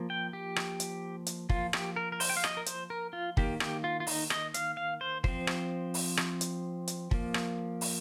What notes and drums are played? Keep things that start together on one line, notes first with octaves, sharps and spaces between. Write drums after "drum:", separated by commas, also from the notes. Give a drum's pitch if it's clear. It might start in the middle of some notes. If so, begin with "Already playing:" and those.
Already playing: F3 A#3
G5
G4
drum: rim click
drum: hi-hat
drum: hi-hat
F3 A#3 F4, drum: kick
G4, drum: rim click
A#4
A#4
C5, drum: open hi-hat
G5
F5
D#5, drum: rim click
A#4
C5, drum: hi-hat
A#4
F4
D#3 A#3 G4, drum: kick
G4, drum: rim click
F4
F4
D#4, drum: open hi-hat
D#5, drum: rim click
F5, drum: hi-hat
F5
C5
F3 C4 C5, drum: kick
drum: rim click
drum: open hi-hat
drum: rim click
drum: hi-hat
drum: hi-hat
F3 A#3, drum: kick
drum: rim click
drum: open hi-hat